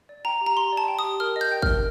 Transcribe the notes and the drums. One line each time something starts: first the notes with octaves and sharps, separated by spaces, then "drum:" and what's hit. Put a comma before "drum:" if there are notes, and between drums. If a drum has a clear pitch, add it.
D5
G5 A#5
G4
A#5
G4 C6
D5 A5
G5
D#6
G4
A#4 F6
D#5
G6
G5
A#4 F6, drum: kick G#1